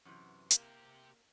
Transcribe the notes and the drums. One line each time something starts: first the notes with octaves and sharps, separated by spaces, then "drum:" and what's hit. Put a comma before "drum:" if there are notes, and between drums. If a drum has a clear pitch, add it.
F#2 C3 E3
C3 A#3 G4, drum: hi-hat